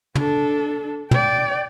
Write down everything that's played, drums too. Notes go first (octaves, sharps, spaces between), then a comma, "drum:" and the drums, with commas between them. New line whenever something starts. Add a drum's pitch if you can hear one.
D4 A4, drum: tom
D5 G5, drum: tom